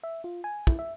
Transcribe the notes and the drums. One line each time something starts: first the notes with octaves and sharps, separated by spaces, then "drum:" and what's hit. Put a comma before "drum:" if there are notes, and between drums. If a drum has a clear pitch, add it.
E5
F4
G#5
E4, drum: kick
E5